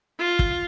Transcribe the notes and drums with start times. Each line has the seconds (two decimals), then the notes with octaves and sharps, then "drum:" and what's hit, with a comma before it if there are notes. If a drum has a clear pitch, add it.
0.19 F4
0.39 drum: kick